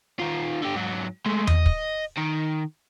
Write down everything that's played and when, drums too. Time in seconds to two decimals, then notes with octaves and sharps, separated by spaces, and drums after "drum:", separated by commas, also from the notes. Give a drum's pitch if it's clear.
0.19 D#3 F4
0.62 D3 G4
0.75 G#2 F#3
1.26 G#3 A3
1.47 D#5, drum: tom E2
1.66 drum: kick
2.17 D#3